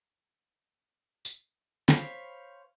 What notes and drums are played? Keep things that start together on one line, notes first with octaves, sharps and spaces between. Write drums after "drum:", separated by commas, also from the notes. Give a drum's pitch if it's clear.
drum: tambourine
C5 C#5 F5 B5, drum: snare